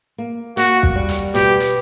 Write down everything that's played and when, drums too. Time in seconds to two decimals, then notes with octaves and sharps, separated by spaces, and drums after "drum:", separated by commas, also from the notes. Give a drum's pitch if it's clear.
0.18 A#3
0.57 A#3 F#4, drum: hi-hat
0.83 drum: kick
0.96 G3
1.09 drum: hi-hat
1.35 B2 G4, drum: hi-hat
1.60 drum: hi-hat